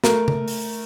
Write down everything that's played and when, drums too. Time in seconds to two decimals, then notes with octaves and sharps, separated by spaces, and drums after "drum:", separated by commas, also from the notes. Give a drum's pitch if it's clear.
0.04 A3 A#4, drum: snare
0.28 drum: tom C#3
0.48 drum: open hi-hat